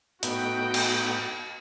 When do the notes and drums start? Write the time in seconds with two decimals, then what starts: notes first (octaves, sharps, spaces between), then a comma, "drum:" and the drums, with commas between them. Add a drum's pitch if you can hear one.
0.23 A2 B3 D#4 F#4 G5, drum: hi-hat
0.74 drum: cymbal